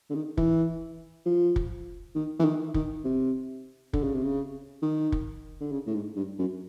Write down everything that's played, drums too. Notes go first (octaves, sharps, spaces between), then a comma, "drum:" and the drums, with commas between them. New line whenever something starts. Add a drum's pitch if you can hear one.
D3
D#3
E3, drum: kick
F3
drum: kick
D#3
E3
D#3
D#3, drum: kick
C3
D3, drum: kick
C#3
C3
C#3
D#3
drum: kick
D3
C#3
A2
G#2
G2
F#2